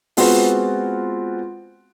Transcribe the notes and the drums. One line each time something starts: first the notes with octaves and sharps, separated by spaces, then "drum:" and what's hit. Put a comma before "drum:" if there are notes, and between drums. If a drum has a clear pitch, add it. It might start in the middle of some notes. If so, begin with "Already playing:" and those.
G#3 B3 C4 F4 F#4, drum: open hi-hat